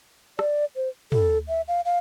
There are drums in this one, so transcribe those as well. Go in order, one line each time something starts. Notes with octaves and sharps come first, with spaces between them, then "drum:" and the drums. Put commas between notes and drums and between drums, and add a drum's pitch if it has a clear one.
D5, drum: rim click
C5
A4, drum: tom
E5
F5
F5